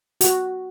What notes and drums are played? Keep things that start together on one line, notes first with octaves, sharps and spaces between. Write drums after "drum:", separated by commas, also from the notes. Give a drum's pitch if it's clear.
F#4, drum: hi-hat